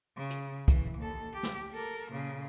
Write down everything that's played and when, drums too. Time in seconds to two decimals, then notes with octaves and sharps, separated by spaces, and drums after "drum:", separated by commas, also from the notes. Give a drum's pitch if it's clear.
0.16 C#3
0.30 drum: hi-hat
0.68 E3, drum: kick, hi-hat
0.98 D#2 A4
1.33 G4
1.43 drum: snare
1.73 A4 A#4
2.11 A#2 C#3